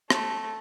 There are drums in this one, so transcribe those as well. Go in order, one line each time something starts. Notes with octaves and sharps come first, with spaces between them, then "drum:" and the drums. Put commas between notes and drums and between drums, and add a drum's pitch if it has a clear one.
A3, drum: rim click